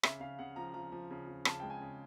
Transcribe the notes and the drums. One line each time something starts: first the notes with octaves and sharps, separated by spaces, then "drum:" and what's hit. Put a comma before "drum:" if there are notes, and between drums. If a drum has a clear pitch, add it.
C#3 E5, drum: rim click
C#3 F5
C#3 F#5
F3 A#5
F3 A#5
F3
C#3
F3
C#3 A5, drum: rim click
G#3 G5
G#5
C#3